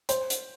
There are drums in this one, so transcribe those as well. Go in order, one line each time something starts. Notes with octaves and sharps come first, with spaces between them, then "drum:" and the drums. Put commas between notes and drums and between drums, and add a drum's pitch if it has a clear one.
C5, drum: hi-hat
drum: hi-hat